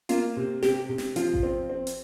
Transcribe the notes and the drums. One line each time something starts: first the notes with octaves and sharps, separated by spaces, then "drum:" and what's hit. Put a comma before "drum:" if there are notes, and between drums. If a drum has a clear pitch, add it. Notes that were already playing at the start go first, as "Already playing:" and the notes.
A#3 F4, drum: hi-hat
C3
C3 G4, drum: snare
C3
drum: snare
F3 F4, drum: hi-hat
drum: kick A1
C4
C4
drum: hi-hat